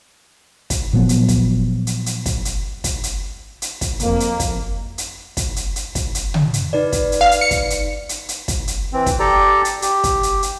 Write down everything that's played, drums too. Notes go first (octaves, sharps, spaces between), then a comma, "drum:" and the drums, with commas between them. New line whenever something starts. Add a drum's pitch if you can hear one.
drum: kick, hi-hat
A#2 F3 F#3 B3
drum: hi-hat
drum: kick, hi-hat
drum: hi-hat
drum: hi-hat
drum: kick, hi-hat
drum: hi-hat
drum: kick, hi-hat
drum: hi-hat
drum: hi-hat
drum: kick, hi-hat
F2 A#3, drum: hi-hat
drum: hi-hat
drum: kick, hi-hat
drum: hi-hat
drum: kick, hi-hat
drum: hi-hat
drum: hi-hat
drum: kick, hi-hat
drum: hi-hat
drum: tom
drum: hi-hat
D#4 B4 D5
drum: kick, hi-hat
drum: hi-hat
F5
drum: hi-hat
C#7
drum: kick, hi-hat
drum: hi-hat
drum: hi-hat
drum: hi-hat
drum: kick, hi-hat
drum: hi-hat
E3 C4
drum: kick, hi-hat
G4 A4 D5 A#5
drum: hi-hat
G4, drum: hi-hat
drum: kick, hi-hat
drum: hi-hat
drum: hi-hat